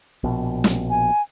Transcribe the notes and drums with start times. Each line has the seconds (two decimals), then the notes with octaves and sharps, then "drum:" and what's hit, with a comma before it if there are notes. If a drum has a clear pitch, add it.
0.24 A#1 B2
0.64 drum: snare
0.90 G#5